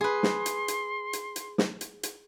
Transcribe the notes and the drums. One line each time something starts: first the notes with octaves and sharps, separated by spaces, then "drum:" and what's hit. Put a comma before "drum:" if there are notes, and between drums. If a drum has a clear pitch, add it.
G#4 B4 C6
drum: snare
drum: hi-hat
drum: hi-hat
drum: hi-hat
drum: hi-hat
drum: snare
drum: hi-hat
drum: hi-hat